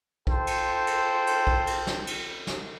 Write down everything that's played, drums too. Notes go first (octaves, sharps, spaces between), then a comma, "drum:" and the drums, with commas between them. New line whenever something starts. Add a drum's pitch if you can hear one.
F4 A4 C5 G5, drum: kick B1
drum: cymbal
drum: cymbal
drum: cymbal
drum: kick B1
drum: cymbal
drum: snare
drum: cymbal
drum: snare